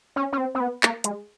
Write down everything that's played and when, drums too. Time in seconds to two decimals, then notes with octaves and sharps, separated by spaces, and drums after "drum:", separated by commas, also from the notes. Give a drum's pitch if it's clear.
0.16 C#4
0.33 C#4
0.38 C4
0.55 C4
0.60 B3
0.83 A#3, drum: clap
1.04 G#3, drum: hi-hat